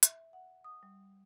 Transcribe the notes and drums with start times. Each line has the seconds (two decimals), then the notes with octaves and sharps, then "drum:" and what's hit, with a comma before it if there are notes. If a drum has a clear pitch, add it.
0.03 E5, drum: hi-hat
0.33 F#5
0.64 D#6
0.83 G3